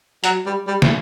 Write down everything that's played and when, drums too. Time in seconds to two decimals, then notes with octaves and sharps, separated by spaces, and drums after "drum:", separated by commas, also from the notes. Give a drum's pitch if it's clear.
0.24 F#3, drum: hi-hat
0.46 G3
0.67 G3
0.82 drum: snare